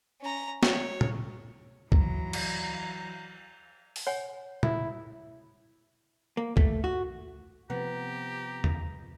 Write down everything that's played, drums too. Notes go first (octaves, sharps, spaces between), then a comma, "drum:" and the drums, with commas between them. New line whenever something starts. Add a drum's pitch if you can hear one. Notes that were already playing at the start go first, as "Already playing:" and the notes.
C#4 A#5
C#5, drum: snare
drum: tom A#2
E3 F#3 A#5, drum: kick
drum: cymbal
drum: open hi-hat
C#5 F#5 G#5
E4, drum: tom A#2
A#3
A3, drum: kick
F#4
C3 F3 B3 G4 B4 A#5
drum: tom E2